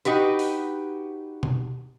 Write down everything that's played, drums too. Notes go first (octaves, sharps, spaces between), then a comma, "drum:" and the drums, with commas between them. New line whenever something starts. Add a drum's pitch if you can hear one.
D#4 F#4 G4 B4, drum: hi-hat
drum: open hi-hat
drum: tom B2